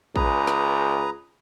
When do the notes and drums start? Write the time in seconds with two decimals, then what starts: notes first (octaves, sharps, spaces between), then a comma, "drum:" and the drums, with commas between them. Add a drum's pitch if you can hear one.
0.16 C#2 G#4 B4 A#5, drum: kick
0.47 drum: snare